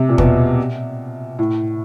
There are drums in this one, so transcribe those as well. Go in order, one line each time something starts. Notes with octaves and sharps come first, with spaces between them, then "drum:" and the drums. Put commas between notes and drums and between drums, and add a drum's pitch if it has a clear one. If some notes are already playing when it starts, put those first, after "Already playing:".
Already playing: C3
A#2
B2, drum: kick
A2